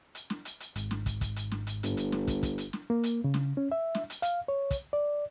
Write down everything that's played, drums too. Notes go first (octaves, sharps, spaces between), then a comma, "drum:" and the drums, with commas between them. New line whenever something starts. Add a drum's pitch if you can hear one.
drum: hi-hat
drum: snare
drum: hi-hat
drum: hi-hat
G#1, drum: hi-hat
drum: snare
drum: kick, hi-hat
drum: kick, hi-hat
drum: hi-hat
drum: snare
drum: hi-hat
G1, drum: hi-hat
drum: hi-hat
drum: snare
drum: kick, hi-hat
drum: kick, hi-hat
drum: hi-hat
drum: snare
A#3
drum: hi-hat
C#3
drum: snare
C#4
E5
drum: snare
drum: hi-hat
F5, drum: hi-hat
C#5
drum: kick, hi-hat
D5